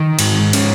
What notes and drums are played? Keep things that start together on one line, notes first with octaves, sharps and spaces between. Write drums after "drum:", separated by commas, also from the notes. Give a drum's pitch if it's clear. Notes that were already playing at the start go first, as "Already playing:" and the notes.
Already playing: D#3
G#2, drum: cymbal
C#4, drum: cymbal